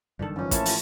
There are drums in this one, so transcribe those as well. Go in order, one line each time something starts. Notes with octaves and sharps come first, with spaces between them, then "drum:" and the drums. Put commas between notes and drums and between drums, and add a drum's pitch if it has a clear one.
F#1 G2 D#3 D4 A4
E3 F3 C#4
A2 F3 A#3 E4 F4 C#5 A5, drum: kick, hi-hat
drum: open hi-hat